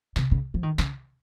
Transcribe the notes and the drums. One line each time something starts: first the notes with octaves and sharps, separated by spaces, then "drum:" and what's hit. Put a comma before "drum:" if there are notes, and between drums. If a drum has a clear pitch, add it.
C3, drum: snare
C#3
F3
D#3
C#3, drum: snare